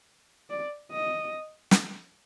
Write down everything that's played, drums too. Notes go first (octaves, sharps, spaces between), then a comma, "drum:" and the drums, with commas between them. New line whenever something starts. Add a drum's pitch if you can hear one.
D5
D#5
drum: snare